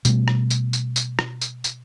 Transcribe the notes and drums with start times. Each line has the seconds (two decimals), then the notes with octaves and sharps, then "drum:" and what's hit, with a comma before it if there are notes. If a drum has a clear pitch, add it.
0.05 B2 G3 A3, drum: tambourine
0.28 drum: rim click
0.50 drum: tambourine
0.73 drum: tambourine
0.96 drum: tambourine
1.19 drum: rim click
1.41 drum: tambourine
1.64 drum: tambourine